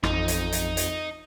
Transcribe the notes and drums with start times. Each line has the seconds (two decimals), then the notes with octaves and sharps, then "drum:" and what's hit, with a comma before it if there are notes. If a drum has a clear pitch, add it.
0.03 A1 F2 D#4, drum: rim click
0.28 drum: hi-hat
0.52 drum: hi-hat
0.77 drum: hi-hat